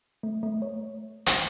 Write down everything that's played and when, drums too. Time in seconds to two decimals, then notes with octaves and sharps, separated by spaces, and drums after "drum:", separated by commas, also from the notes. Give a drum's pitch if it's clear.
0.23 A3
0.43 A3
0.62 C#5
1.26 drum: hi-hat